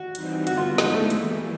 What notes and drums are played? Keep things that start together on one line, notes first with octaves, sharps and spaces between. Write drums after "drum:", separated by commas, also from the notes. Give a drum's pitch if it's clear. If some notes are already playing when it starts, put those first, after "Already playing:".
Already playing: F#4
E3 G3 C4 D#4, drum: hi-hat
G2 D3 G3 B3 F#4, drum: hi-hat
F4
F3 G#3 B3 D#4 E4, drum: snare
A3
E3 G3 A#3, drum: hi-hat